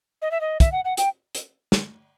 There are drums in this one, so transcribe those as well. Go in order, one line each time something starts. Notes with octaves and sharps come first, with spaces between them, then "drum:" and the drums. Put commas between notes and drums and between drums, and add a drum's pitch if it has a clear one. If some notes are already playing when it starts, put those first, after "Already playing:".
D#5
E5
D#5
E5, drum: kick, hi-hat
F#5
F#5
G5, drum: hi-hat
drum: hi-hat
drum: snare